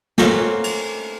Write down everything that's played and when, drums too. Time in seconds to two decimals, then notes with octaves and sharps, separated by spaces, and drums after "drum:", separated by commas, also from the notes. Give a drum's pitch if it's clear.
0.18 A3 A#3 C4 C#4 F4 F#4, drum: snare
0.64 drum: cymbal